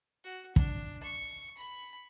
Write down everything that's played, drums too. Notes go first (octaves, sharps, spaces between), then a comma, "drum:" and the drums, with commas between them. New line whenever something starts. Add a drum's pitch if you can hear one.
F#4
D4, drum: kick
C#6
B5